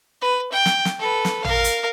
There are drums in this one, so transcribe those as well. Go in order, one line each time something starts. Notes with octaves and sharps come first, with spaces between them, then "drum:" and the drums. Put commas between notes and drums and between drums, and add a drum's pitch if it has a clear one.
B4
G5
drum: snare
drum: snare
A4 B4
drum: snare
A#4 F5, drum: tom A1
drum: hi-hat